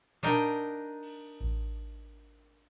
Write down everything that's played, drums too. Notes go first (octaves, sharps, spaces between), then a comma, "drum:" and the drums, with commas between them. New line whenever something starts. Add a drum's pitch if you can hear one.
D4 D#4 A#4 G5, drum: tom A#2
drum: cymbal
drum: kick A1